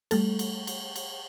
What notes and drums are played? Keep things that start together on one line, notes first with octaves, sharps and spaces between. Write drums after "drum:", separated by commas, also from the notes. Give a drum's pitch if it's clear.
G3 A3 A4, drum: cymbal
drum: cymbal
drum: cymbal
drum: cymbal